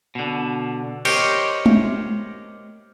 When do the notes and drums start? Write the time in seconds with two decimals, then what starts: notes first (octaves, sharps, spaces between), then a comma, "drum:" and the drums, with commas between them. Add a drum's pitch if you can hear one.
0.15 B2 D3
1.05 G4 A#4 C5 C#5 D#5 G5, drum: cymbal
1.66 drum: tom G#3